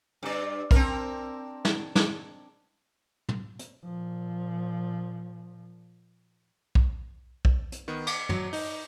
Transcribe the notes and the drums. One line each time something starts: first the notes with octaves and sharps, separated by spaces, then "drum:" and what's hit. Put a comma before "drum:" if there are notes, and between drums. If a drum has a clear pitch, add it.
G2 D5
C4 D4 A#4, drum: kick B1
drum: snare
drum: snare
drum: tom
drum: hi-hat
A#2 F3
drum: kick B1
drum: kick B1
drum: hi-hat
D#3 B3
D6, drum: cymbal
F#3, drum: tom
D#4, drum: open hi-hat